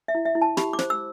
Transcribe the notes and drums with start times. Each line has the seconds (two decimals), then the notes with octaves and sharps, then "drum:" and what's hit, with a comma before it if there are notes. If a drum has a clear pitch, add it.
0.08 E5
0.15 E4
0.25 E5
0.35 E4
0.42 A5
0.57 G4 B5, drum: snare
0.73 D6
0.79 C5, drum: snare
0.90 E6